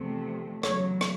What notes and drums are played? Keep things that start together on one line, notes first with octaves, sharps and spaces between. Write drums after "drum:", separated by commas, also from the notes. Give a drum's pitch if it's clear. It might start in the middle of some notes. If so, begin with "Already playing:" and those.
Already playing: E2 C3 F3 A3
E2 C#3 F#3 C#5, drum: rim click
drum: rim click